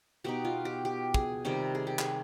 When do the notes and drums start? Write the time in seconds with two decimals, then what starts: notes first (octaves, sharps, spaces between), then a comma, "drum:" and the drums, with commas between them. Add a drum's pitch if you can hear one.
0.24 B2 B3 D#4 G4
0.45 F4
0.65 G4
0.85 G4
1.14 G#4, drum: kick
1.45 C3 D#3 G3 G4
1.75 G#4
1.87 G4
1.99 G#4, drum: clap